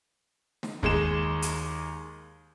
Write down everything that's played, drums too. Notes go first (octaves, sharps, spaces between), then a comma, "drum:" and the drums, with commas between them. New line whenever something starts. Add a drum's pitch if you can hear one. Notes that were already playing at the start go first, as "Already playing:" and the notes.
drum: snare
D#2 G#3 G#4 E7, drum: kick
drum: hi-hat